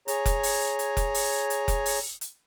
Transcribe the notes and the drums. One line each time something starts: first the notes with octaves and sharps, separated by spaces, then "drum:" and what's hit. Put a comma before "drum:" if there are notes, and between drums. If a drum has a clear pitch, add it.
G#4 C#5 A#5, drum: hi-hat
drum: kick F1, hi-hat
drum: open hi-hat
drum: hi-hat
drum: kick F1, hi-hat
drum: open hi-hat
drum: hi-hat
drum: kick F1, hi-hat
drum: open hi-hat
drum: hi-hat